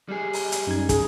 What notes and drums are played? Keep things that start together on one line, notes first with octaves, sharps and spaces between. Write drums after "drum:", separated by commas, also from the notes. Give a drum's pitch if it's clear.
G3 G#4
drum: open hi-hat
drum: hi-hat
F#2 D#4 G#6
G#4, drum: kick, hi-hat